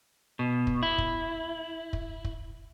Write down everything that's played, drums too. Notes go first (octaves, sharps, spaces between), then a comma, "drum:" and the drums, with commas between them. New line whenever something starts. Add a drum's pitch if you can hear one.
B2
drum: kick
E4
drum: kick
drum: kick
drum: kick